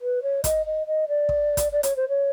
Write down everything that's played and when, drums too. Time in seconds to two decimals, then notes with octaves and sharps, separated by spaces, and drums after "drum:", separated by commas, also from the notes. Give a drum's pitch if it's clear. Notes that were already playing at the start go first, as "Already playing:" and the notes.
0.01 B4
0.22 C#5
0.44 D#5, drum: kick, hi-hat
0.66 D#5
0.87 D#5
1.08 D5
1.29 drum: kick
1.57 drum: kick, hi-hat
1.72 D5
1.83 C#5, drum: hi-hat
1.96 C5
2.08 C#5